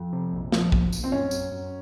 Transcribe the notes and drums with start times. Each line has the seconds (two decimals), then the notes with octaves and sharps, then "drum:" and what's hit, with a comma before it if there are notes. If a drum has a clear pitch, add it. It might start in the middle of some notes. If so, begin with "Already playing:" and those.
Already playing: F2
0.13 C3
0.33 A#1
0.52 F3, drum: snare
0.72 A#1, drum: kick
0.93 A#1, drum: tambourine
1.04 C4
1.12 F#2 C#4
1.31 F#2, drum: tambourine
1.52 F#2